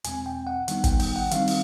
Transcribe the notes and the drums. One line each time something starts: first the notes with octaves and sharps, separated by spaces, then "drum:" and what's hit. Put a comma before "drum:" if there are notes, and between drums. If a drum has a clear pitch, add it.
E2 B2 G#3 C4 G#5, drum: hi-hat
G5
F#5
D#3 G3 B3 D#4 F#5, drum: hi-hat
G5, drum: kick, hi-hat
G5, drum: open hi-hat
F#5
D#3 G3 C4 D#4 F5, drum: hi-hat
drum: open hi-hat